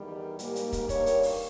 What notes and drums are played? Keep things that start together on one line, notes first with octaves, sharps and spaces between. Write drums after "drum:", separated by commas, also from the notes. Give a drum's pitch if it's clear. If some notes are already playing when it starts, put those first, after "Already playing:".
Already playing: E2 D#3 G3
G#2 G3 A#3, drum: hi-hat
drum: hi-hat
drum: kick, hi-hat
G2 D#3 G3 A#3 C#5, drum: kick, hi-hat
drum: hi-hat
drum: open hi-hat